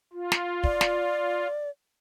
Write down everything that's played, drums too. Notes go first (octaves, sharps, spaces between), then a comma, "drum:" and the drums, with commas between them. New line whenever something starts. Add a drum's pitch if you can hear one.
F4
drum: snare
D5, drum: kick
drum: snare